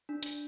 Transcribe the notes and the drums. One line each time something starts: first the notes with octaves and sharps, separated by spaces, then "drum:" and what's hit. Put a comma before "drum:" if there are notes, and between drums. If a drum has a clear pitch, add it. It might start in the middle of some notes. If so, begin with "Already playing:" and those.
D4
drum: hi-hat